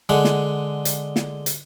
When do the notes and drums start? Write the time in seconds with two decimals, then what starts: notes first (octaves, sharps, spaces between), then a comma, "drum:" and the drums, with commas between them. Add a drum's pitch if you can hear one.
0.09 D3 G#3 F#5
0.24 drum: snare
0.85 drum: hi-hat
1.16 drum: snare
1.46 drum: hi-hat